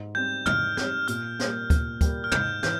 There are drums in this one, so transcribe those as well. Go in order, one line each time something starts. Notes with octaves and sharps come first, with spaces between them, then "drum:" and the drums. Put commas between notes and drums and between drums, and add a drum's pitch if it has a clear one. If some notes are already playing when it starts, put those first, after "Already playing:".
Already playing: G#2
G3 C4 G6
G#2 F6, drum: tom
G3 C4 G6, drum: snare
A#2 F6, drum: hi-hat
G3 A#3, drum: snare
A#2, drum: kick D2, hi-hat
G3 A#3, drum: kick D2, hi-hat
F6
G#2 G6, drum: tom
E3 G6, drum: snare